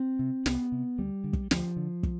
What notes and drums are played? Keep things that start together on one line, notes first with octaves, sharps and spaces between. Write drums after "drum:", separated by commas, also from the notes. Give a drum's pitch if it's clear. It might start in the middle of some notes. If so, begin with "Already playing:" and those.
Already playing: C4
C3
C2 B3, drum: snare
C3
D2 G3
D3
drum: kick
D2 F3, drum: snare
D3
drum: kick